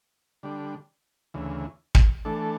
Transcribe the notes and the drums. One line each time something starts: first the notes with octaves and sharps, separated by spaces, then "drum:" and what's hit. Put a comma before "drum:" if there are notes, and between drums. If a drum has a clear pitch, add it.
D3 G3 D4
D2 C#3 E3
drum: kick
E3 A3 D4 A4